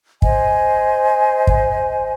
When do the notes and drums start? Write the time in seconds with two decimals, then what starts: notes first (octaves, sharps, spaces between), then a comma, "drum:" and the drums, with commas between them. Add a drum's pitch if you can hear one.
0.22 C5 D#5 G#5, drum: kick
1.47 drum: kick